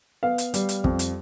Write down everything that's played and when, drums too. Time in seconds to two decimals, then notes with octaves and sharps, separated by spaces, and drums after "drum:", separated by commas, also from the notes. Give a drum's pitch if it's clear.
0.23 B3 F5
0.38 drum: hi-hat
0.54 G3, drum: hi-hat
0.69 drum: hi-hat
0.84 F2, drum: kick
0.99 drum: hi-hat